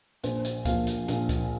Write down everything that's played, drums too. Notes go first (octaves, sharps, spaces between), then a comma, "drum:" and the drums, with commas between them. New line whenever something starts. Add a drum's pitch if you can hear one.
A#1 C5, drum: hi-hat
drum: hi-hat
A#2 F3 F5, drum: kick C#2, hi-hat
drum: hi-hat
A#1, drum: hi-hat
drum: kick C#2, hi-hat